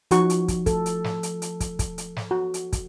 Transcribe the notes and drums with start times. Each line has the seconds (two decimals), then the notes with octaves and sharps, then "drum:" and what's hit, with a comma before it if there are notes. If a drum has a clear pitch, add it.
0.11 F3 D#4 F#4 C#6, drum: hi-hat
0.30 drum: hi-hat
0.48 drum: kick, hi-hat
0.66 A4, drum: kick, hi-hat
0.86 drum: hi-hat
1.04 drum: snare
1.23 drum: hi-hat
1.42 drum: hi-hat
1.60 drum: kick, hi-hat
1.79 drum: kick, hi-hat
1.98 drum: hi-hat
2.16 drum: snare
2.31 F#4
2.54 drum: hi-hat
2.73 drum: kick, hi-hat